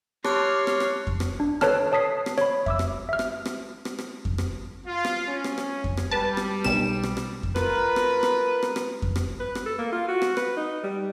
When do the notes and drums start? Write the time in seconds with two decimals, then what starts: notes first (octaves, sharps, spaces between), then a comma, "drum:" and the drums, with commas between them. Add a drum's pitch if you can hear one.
0.24 G4 C#5 A5 C6 D6 F6 F#6, drum: rim click
0.67 drum: rim click
0.80 drum: rim click
1.07 drum: kick F2
1.20 drum: rim click
1.40 D4
1.61 A4 B4 C#5 A5 F6, drum: rim click
1.92 C#5 A5 D#6 B6 C7
2.26 drum: rim click
2.38 C#5 B5, drum: rim click
2.66 E5 D6 E6, drum: kick F2
2.79 drum: rim click
3.09 E5 F6
3.19 drum: rim click
3.45 drum: rim click
3.85 drum: rim click
3.99 drum: rim click
4.25 drum: kick F2
4.38 drum: rim click
4.86 F4
5.05 drum: rim click
5.27 C#4
5.44 drum: rim click
5.58 drum: rim click
5.84 drum: kick F2
5.97 drum: rim click
6.11 G3 B4 A5
6.37 drum: rim click
6.64 B1 E7, drum: rim click
7.03 drum: rim click
7.17 drum: rim click
7.43 drum: kick F2
7.56 F4 A#4 B4, drum: rim click
7.96 drum: rim click
8.23 drum: rim click
8.63 drum: rim click
8.76 drum: rim click
9.02 drum: kick F2
9.16 drum: rim click
9.40 B4
9.55 drum: rim click
9.66 A4
9.78 A#3
9.93 F4
10.08 F#4
10.22 drum: rim click
10.37 B4, drum: rim click
10.57 D#4
10.83 G3